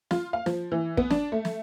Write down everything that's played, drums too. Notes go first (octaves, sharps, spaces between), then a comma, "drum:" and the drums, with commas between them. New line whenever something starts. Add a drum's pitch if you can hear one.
F4, drum: snare
F5
F3, drum: snare
E3
B3, drum: kick
D4, drum: snare
A3
drum: snare